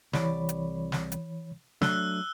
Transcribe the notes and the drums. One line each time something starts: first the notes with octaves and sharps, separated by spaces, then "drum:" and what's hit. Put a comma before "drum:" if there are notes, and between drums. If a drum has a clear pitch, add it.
C2 E3 C#5 D5 B5, drum: snare
drum: hi-hat
drum: snare
drum: hi-hat
F#3 A3 D4 E6 F#6 G7, drum: snare